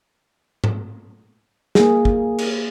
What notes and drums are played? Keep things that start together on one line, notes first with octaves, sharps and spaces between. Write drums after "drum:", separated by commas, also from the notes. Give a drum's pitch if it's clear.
drum: tom G#2
A#3 G#4, drum: snare
drum: kick
drum: cymbal